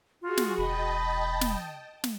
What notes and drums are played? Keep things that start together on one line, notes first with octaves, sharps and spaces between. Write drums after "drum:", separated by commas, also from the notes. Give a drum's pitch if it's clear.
F4 F#4 G#4
drum: snare
E1 D#5 G5 A5 B5
drum: snare
drum: snare